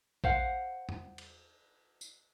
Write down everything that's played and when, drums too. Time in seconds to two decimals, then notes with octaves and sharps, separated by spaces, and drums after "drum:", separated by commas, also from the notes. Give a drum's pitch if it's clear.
0.24 C5 F5 F#5, drum: kick
0.89 drum: tom E2
1.18 drum: cymbal
2.01 drum: tambourine